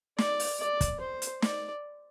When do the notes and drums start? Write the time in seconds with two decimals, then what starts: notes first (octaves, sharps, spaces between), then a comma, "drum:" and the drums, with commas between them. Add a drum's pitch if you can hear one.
0.18 D5, drum: snare
0.40 drum: open hi-hat
0.60 D5
0.81 drum: kick, hi-hat
1.01 C5
1.22 drum: hi-hat
1.42 D5, drum: snare